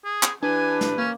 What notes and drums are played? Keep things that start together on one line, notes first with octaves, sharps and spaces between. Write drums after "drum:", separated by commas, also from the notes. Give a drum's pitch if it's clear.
G#4
drum: clap
E3 D4 G4 B4 G#5
drum: snare
A#3 C#4